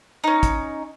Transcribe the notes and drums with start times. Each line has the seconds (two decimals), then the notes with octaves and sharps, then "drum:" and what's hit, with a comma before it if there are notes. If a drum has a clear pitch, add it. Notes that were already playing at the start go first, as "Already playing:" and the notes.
0.24 C#4 D#4
0.43 drum: kick, hi-hat